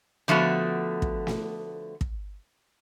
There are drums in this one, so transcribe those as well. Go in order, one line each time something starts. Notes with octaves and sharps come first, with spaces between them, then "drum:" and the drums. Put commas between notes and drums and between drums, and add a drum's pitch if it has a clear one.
D3 F3 A3 B3 F#4
drum: kick
drum: snare
drum: kick